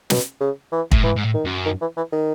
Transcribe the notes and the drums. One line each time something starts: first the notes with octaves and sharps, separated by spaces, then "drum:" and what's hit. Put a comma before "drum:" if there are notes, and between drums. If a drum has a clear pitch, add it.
B2, drum: snare
C#3
E3
A2, drum: kick
G#2 E3
G#2
A2
D#3
F#2
D#3
E3
E3
D#3